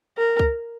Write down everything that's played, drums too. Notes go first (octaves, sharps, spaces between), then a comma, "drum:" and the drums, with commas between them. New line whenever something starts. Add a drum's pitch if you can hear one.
A#4
drum: kick C#2